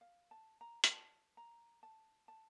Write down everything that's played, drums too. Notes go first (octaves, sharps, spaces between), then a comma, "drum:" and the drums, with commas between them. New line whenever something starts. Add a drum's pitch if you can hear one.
F5
A5
A#5
A#5, drum: hi-hat
A5
A#5
A5
A5